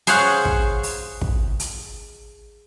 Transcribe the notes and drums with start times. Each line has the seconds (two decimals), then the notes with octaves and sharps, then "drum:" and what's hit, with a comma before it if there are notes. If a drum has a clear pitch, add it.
0.07 G#4 C5 C#5 F5 F#5, drum: hi-hat
0.45 drum: kick
0.83 drum: open hi-hat
1.21 drum: kick
1.60 drum: hi-hat